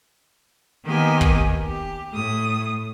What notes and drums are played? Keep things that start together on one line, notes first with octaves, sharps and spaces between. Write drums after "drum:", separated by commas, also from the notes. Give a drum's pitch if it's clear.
D#3 A#3 B3 G4 D#5 G#5
drum: kick
G4
A2 D#6